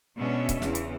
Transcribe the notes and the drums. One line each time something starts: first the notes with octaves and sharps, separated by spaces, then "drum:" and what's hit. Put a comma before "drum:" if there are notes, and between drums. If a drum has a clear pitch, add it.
B2 G#3 B3 C#4 D4 E5
drum: kick, hi-hat
E2 C#3 E3, drum: snare
drum: hi-hat